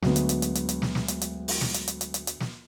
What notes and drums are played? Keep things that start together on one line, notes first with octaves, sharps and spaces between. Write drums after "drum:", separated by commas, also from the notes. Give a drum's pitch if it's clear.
D2 F#3 G#3 B3, drum: snare
drum: hi-hat
drum: hi-hat
drum: hi-hat
drum: hi-hat
drum: hi-hat
drum: snare
drum: snare
drum: hi-hat
drum: hi-hat
drum: open hi-hat
drum: snare
drum: hi-hat
drum: hi-hat
drum: hi-hat
drum: hi-hat
drum: hi-hat
drum: snare